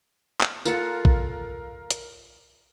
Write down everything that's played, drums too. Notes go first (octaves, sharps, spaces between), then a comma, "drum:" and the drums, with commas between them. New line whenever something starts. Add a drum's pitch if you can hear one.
drum: clap
F4 A4 A#4 F5 F#5, drum: tambourine
drum: kick A#1
drum: hi-hat